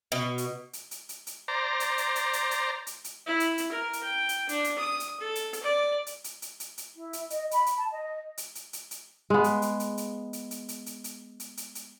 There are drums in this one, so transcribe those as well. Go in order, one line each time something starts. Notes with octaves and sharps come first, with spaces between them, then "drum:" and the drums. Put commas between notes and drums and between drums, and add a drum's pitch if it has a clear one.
B2
drum: hi-hat
drum: hi-hat
drum: hi-hat
drum: hi-hat
drum: hi-hat
C5 D5 A#5
drum: hi-hat
drum: hi-hat
drum: hi-hat
drum: hi-hat
drum: hi-hat
drum: hi-hat
drum: hi-hat
E4
drum: hi-hat
drum: hi-hat
A#4
drum: hi-hat
G5
drum: hi-hat
D4, drum: hi-hat
drum: hi-hat
D#6
drum: hi-hat
A4
drum: hi-hat
drum: hi-hat
D5
drum: hi-hat
drum: hi-hat
drum: hi-hat
drum: hi-hat
drum: hi-hat
E4
drum: hi-hat
D#5, drum: hi-hat
B5, drum: hi-hat
drum: hi-hat
A5
D#5
drum: hi-hat
drum: hi-hat
drum: hi-hat
drum: hi-hat
G#3 B3
drum: hi-hat
drum: hi-hat
drum: hi-hat
drum: hi-hat
drum: hi-hat
drum: hi-hat
drum: hi-hat
drum: hi-hat
drum: hi-hat
drum: hi-hat
drum: hi-hat
drum: hi-hat